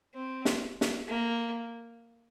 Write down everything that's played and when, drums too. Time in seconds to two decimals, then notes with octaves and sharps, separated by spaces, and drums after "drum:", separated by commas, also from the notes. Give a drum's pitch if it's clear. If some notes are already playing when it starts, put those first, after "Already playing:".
0.15 C4
0.45 drum: snare
0.81 drum: snare
1.07 A#3